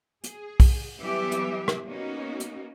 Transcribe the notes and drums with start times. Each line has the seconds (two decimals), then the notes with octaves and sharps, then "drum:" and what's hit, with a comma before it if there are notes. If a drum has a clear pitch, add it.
0.24 G#4, drum: hi-hat
0.60 drum: kick, open hi-hat
1.00 E3 F#3 G3 B3 G4 E5
1.32 drum: hi-hat
1.68 drum: rim click
1.87 A#3 B3 C#4 D#4 F#4
2.40 drum: hi-hat